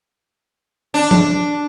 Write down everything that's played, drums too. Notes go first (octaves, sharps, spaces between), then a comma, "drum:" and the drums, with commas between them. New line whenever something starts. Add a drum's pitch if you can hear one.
D4
drum: tom